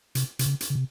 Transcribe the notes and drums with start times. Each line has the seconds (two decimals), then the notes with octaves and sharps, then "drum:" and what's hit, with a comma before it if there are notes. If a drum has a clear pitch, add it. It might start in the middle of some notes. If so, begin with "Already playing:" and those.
0.15 C3, drum: hi-hat
0.39 C3, drum: hi-hat
0.46 C#3
0.61 drum: hi-hat
0.70 C#3
0.75 C3